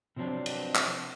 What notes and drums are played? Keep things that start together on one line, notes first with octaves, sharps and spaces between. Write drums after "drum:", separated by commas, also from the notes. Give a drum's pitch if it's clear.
C3 F3 F#3 C4 D4
drum: cymbal
drum: clap